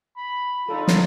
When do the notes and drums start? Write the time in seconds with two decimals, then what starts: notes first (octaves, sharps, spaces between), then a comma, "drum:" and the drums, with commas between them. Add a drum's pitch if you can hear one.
0.17 B5
0.69 D#4 F4 A4
0.88 drum: snare